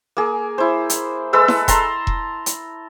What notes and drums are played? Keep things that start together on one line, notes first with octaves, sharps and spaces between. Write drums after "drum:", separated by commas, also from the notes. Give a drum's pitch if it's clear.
A#3 G#4
E4 C5
drum: hi-hat
G#3 A4 B4 E6
drum: snare E4
A5 A#5 C6, drum: kick E1, hi-hat
drum: kick E1
drum: hi-hat